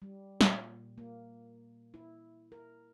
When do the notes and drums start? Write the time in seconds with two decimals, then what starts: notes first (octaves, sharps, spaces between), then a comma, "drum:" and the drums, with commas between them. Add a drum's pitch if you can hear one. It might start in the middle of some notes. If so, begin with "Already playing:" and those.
0.02 G3
0.41 A#2, drum: snare
0.98 A#3
1.94 E4
2.52 A#4